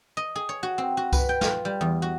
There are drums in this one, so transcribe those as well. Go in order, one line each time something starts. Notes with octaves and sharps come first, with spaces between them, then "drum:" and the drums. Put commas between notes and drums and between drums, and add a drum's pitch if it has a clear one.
D#5
G#4
C#5
F#4
C4
F#4
B4, drum: kick C2, tambourine
G5
F4, drum: snare
G3
E2
F#4